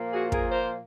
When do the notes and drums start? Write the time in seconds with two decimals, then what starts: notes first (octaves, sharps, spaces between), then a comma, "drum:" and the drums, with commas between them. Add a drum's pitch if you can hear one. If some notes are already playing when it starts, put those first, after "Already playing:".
Already playing: A#2 F3 A#3
0.13 F#4 G#4
0.32 G#4 A#4, drum: kick
0.51 A#4 C5